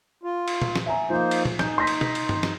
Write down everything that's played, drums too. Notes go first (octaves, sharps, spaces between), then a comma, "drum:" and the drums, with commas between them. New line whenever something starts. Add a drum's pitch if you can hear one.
F4
drum: cymbal
drum: tom A#2
drum: snare
E5 G#5 A#5
F3 A#3 D#4 C5
drum: cymbal
drum: tom A#2
D#4 G#5 G6, drum: snare
C6 A#6 B6
drum: cymbal
drum: tom
drum: cymbal
drum: tom G2
drum: snare